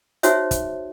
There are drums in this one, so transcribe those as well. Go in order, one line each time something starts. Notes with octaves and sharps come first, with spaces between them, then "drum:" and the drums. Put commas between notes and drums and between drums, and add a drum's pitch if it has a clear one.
D#4 F#4 G#4 C5 C#5 E5, drum: hi-hat
drum: kick, hi-hat